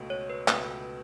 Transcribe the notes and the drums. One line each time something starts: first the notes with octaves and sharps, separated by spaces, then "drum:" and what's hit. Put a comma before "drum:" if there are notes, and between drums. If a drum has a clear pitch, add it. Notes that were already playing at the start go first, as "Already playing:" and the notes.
Already playing: C#2 B2 A3
C#5
B4
C#2 B2 A3 B4, drum: clap